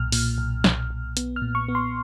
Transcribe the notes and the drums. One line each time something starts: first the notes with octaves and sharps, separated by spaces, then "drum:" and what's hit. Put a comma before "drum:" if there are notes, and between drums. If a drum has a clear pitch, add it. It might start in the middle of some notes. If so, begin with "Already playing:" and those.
Already playing: B1 A#2 F6
A#2, drum: open hi-hat
B1
B1, drum: snare
B1
B3, drum: hi-hat
F6
A#2
C#6
B3
C6